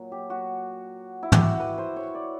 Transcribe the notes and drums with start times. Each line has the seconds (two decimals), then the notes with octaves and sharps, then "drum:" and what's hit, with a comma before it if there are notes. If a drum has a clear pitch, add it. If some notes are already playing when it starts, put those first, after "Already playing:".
Already playing: A#2 F#3
0.12 G4
0.30 F#4
1.23 E4
1.32 G4, drum: tom
1.41 F#4
1.60 B4
1.78 C5
1.96 C#5
2.15 D5